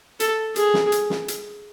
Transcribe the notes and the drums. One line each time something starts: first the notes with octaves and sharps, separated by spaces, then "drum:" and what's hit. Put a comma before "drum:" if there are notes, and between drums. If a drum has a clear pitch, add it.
A4, drum: hi-hat
G#4, drum: hi-hat
drum: snare
drum: hi-hat
drum: snare
drum: hi-hat